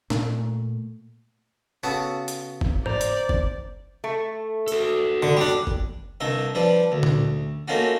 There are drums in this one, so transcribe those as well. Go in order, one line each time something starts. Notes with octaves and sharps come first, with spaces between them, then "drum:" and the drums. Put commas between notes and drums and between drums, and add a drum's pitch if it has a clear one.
A#2 A3, drum: snare
C#3 B3 F#4 A4
drum: hi-hat
drum: kick F#1
C5 D5 A#5, drum: tom G#2
drum: hi-hat
drum: kick F#1
A3
F#4 A4, drum: tambourine
D3
G3 D4
drum: kick F#1
C2 G2 D#4 E5
F3 G3 D4 B4
D2
drum: tom A#2
A3 A#3 C#4 D#4 F4 F#4